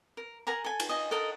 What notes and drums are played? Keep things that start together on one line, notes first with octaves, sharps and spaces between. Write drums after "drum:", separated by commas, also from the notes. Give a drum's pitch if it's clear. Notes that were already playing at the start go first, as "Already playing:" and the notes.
A#4
A#4 F#5 G#5 A#5
A4 G#5
drum: cymbal
D#5 G#5
A4 A#4 D#5 F#5